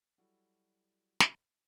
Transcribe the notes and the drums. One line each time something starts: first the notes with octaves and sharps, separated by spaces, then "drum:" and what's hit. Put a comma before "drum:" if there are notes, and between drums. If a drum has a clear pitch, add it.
F#3 G3 E4 F#4 A4
drum: snare